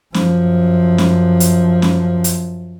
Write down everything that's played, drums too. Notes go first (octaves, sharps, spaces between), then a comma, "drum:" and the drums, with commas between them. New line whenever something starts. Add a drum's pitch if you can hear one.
F#2 F3, drum: snare C#4
drum: snare C#4
drum: hi-hat
drum: snare C#4
drum: hi-hat